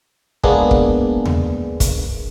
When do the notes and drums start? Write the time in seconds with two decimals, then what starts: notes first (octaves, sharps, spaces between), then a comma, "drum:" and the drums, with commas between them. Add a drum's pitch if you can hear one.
0.43 G#3 A#3 B3 D4 G#4, drum: kick
0.71 drum: kick
1.25 drum: tom D#2
1.80 drum: kick, hi-hat